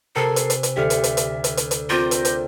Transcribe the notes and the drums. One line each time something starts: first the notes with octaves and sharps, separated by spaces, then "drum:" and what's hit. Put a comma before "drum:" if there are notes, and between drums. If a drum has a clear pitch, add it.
C3 A4 A#4 G#5 A5 C7
drum: hi-hat
drum: hi-hat
drum: hi-hat
D2 G4 E5 F6 C#7
drum: hi-hat
drum: hi-hat
drum: hi-hat
drum: hi-hat
drum: hi-hat
drum: hi-hat
C4 F4 A#4 D6 G6 A#6
drum: hi-hat
drum: hi-hat